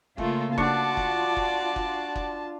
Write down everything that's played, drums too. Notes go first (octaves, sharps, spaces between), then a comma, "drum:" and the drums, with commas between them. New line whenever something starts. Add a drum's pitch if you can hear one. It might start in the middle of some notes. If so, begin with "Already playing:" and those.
C#3 A3 A#3 F4, drum: kick F#1
D4 F4 F#4 D5 A5 C#6, drum: kick F#1
drum: kick F#1
drum: kick F#1
drum: kick F#1
drum: kick F#1